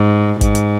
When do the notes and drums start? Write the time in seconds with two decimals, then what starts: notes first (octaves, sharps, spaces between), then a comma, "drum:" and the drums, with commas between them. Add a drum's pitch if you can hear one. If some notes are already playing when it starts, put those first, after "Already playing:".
Already playing: G#2
0.41 G#2, drum: kick, hi-hat
0.55 drum: hi-hat